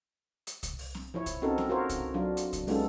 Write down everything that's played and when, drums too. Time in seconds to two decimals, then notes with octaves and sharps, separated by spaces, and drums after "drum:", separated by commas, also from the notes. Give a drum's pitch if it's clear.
0.47 drum: hi-hat
0.63 drum: kick C2, hi-hat
0.79 drum: open hi-hat
0.95 drum: snare C4
1.14 F3 E4 C#5
1.26 drum: kick C2, hi-hat
1.42 C4 C#4 D#4 F#4 A4 A#4
1.58 drum: snare C4
1.69 F4 F#4 A#4 C5 C#5
1.90 drum: kick C2, hi-hat
2.14 F#3 D4 F4
2.37 drum: hi-hat
2.53 drum: kick C2, hi-hat
2.67 G#3 B3 C#4 D#4 F4 A4, drum: open hi-hat